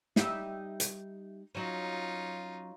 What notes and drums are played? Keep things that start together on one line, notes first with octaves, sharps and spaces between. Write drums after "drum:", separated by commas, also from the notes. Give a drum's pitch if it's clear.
G3 D#4 E5, drum: snare
drum: hi-hat
F#3 C#4 D#4 F4